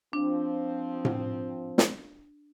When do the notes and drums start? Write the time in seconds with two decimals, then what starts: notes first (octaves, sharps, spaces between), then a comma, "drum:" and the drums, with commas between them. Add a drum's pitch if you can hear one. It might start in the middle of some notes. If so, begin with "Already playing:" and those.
0.13 F3 C4 D4
1.05 drum: tom A2
1.78 drum: snare